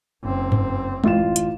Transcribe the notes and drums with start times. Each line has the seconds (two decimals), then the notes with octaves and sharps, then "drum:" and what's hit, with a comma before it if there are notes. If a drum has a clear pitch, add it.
0.24 F#1 C4
0.52 drum: tom G2
1.04 A1 F4 E7, drum: tom G#3
1.36 drum: hi-hat